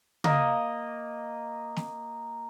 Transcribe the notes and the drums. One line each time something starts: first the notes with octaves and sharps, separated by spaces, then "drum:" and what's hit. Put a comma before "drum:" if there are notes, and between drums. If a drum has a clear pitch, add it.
A#3 D#5, drum: tom C#3
drum: snare